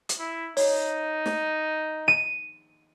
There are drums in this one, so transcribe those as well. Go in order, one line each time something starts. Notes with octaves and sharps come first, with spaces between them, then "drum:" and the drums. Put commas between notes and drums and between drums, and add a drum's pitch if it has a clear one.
drum: hi-hat
E4
D#4 C#5, drum: open hi-hat
drum: snare
D#7